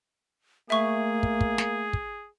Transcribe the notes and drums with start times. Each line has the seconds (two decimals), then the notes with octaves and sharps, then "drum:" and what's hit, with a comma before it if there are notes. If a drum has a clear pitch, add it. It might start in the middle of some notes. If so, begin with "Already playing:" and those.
0.70 A3 A#3 G#4 E5 C#6
1.23 drum: kick
1.41 drum: kick
1.58 drum: snare
1.93 drum: kick